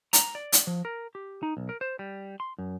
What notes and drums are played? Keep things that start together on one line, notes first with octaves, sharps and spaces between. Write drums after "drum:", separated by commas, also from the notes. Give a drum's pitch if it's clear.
A#5, drum: hi-hat
D5
drum: hi-hat
F3
A#4
G4
D#4
B1
A#4
C5
G3
C6
F#2